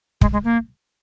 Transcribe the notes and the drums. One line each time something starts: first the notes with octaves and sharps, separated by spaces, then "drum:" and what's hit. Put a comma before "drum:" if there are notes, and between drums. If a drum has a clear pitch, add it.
G#3, drum: kick
G#3
A#3